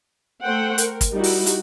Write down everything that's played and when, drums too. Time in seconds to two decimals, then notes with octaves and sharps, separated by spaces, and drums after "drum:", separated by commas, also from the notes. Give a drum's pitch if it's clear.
0.43 A3 A4 C5 F#5 G5
0.78 A#4, drum: hi-hat
1.01 drum: kick, hi-hat
1.13 G3 D#4 E4 F#4
1.24 drum: open hi-hat
1.46 drum: hi-hat